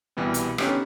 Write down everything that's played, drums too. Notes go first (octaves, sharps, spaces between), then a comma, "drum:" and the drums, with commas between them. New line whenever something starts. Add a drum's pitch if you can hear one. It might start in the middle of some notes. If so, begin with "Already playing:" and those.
C2 B2 E3 G3 B3
drum: hi-hat
D3 B3 C#4 D#4 G4, drum: rim click